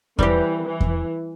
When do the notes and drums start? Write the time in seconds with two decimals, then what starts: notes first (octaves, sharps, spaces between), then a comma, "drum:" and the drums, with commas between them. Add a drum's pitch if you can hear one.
0.19 E3 G3 C4 G4, drum: kick E2
0.65 E3
0.81 drum: kick E2